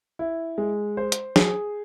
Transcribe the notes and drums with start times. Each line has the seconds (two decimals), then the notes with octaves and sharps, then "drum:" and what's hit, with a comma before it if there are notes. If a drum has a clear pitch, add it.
0.19 E4
0.58 G#3
0.97 C5
1.12 drum: hi-hat
1.36 G#4, drum: snare